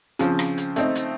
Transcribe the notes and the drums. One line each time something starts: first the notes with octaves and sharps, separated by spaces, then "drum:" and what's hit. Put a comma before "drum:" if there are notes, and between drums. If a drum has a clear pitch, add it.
C#3 F3 C4, drum: hi-hat
drum: rim click
drum: hi-hat
A3 C4 D#4, drum: hi-hat
drum: hi-hat